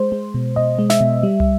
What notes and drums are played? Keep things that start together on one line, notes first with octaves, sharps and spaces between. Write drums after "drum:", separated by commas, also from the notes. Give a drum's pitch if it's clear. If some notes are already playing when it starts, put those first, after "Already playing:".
Already playing: G#3 C5
G#3
B2
B2 D#5
G#3
E5, drum: snare
B2
G3
drum: tom